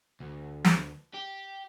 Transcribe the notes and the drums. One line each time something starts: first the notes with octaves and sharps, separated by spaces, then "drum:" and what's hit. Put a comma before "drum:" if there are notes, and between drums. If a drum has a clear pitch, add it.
D2
drum: snare
G4